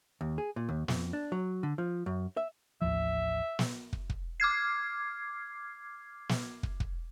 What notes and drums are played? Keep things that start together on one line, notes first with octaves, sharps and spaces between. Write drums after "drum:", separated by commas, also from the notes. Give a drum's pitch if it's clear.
D#2
G#4
A#2
D#2
F2, drum: snare
D4
F#3
D3
F3
F#2
E5
A1 D#2 F3 E5
drum: snare
drum: kick
drum: kick
D6 F6 G#6 C7
drum: snare
drum: kick
drum: kick